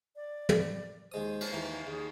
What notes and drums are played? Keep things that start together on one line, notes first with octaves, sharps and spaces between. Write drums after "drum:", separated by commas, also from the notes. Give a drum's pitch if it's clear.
D5
drum: tom
D#2 G#3 C5 D#6
drum: cymbal
D#2 E3 A#3
D#2 G#4